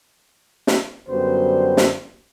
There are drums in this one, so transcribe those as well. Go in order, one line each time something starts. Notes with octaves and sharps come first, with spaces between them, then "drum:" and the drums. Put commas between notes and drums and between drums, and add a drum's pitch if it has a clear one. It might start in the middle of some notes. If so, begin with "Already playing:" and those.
drum: snare
F#2 D3 G3 B3 F#4 C5
drum: snare